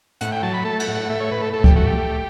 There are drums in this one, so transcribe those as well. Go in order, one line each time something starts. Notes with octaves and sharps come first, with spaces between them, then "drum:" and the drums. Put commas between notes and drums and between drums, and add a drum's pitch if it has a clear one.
A2 F#5, drum: hi-hat
G5
F#3 A5
B5
A3 A5
F#5, drum: cymbal
A2
F#5
A3 E5
C#5
A2 B4
A4
A2 A4
G4, drum: kick C#2
A3 F#4
G4
A3